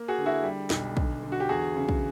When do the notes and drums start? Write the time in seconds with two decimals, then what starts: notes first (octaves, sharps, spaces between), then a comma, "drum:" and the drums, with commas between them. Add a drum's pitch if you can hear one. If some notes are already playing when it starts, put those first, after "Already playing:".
Already playing: A#3
0.08 F#4 G#4
0.18 D3
0.26 E4 F#4
0.43 G3
0.70 B1, drum: snare
0.97 D3, drum: kick
1.23 D3
1.32 F#4
1.40 G4
1.49 E2 F#4 G#4
1.76 C#3
1.89 drum: kick